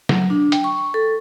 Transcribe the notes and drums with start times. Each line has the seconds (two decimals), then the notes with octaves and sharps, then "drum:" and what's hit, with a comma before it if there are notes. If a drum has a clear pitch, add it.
0.09 F#3, drum: snare
0.30 D4
0.52 G5, drum: hi-hat
0.64 C#6
0.94 A4